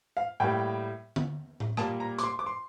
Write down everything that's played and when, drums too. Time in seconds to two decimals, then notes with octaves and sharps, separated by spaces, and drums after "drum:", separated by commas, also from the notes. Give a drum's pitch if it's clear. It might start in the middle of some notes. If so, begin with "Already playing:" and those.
0.17 F5
0.40 A2 G3 A#3 G5
1.16 drum: tom D3
1.60 drum: tom A2
1.77 A#2 G3 A#3 A5, drum: rim click
2.00 A#5
2.18 D6, drum: hi-hat
2.24 C6
2.39 D6
2.46 C6